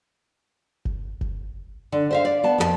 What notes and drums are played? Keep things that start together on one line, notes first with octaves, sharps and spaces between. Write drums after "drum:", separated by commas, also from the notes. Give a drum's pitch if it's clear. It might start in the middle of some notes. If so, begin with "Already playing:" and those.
drum: kick F#1
drum: kick F#1
D3
C5 E5 F5
D5
B3 A5
F2 A4 A5